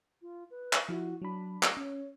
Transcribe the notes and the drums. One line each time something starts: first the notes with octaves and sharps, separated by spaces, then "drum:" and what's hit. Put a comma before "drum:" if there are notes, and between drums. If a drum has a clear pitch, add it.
F4
B4
drum: clap
F3 E4 F#4
F#3 D4 B5
drum: clap
C#4 C#5